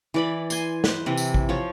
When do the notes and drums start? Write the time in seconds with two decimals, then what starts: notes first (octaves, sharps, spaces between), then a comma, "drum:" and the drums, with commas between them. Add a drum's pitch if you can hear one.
0.14 E3 D5 B5
0.50 G#5 C6, drum: tambourine
0.84 B4 C5, drum: snare
1.06 C3 E3
1.18 drum: tambourine
1.34 drum: kick A1
1.49 F3 C#5